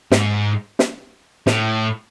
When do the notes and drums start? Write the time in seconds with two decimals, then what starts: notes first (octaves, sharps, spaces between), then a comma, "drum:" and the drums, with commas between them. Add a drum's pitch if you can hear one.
0.11 G#2, drum: snare
0.79 drum: snare
1.47 A2, drum: snare